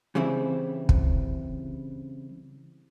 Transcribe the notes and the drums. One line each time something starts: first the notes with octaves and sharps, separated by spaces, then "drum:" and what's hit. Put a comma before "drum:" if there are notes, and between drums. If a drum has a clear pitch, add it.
C#3 E3 G3 C4 E4
drum: kick